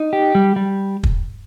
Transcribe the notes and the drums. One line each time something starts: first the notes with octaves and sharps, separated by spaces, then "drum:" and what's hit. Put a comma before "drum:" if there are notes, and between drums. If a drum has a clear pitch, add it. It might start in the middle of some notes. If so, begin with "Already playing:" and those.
Already playing: D#4
G4
G3
G3
drum: kick